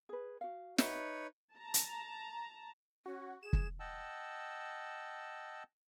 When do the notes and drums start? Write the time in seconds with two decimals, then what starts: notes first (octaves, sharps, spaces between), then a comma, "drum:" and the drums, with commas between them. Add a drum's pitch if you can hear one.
0.09 G#4 B4
0.41 F#4 F5
0.78 D#4 B4 C#5 E5, drum: snare
1.55 A5 A#5
1.74 drum: hi-hat
3.06 C#4 F#4
3.43 G#4 E7
3.53 drum: kick
3.80 D#5 F#5 G5 A5 E6